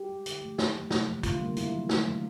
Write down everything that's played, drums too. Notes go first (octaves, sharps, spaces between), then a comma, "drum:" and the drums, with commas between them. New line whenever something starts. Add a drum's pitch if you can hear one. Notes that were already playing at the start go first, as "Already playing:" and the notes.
Already playing: G4
G#3
D3, drum: hi-hat
F3 A3
D#3, drum: snare
F#3 A#3
C3, drum: snare
F3 A3
D3 F4, drum: kick, hi-hat
G3 A#3
D#3 E4, drum: hi-hat
F#3 A#3
D3, drum: snare
F3 A3